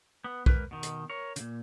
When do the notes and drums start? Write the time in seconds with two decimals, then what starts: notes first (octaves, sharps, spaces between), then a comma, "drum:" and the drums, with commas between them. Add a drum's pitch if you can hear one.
0.24 B3
0.46 G#2 A#4 B4, drum: kick B1
0.71 B2 D#3
0.83 drum: hi-hat
1.10 A#4 C#5
1.36 A#2 C#3, drum: hi-hat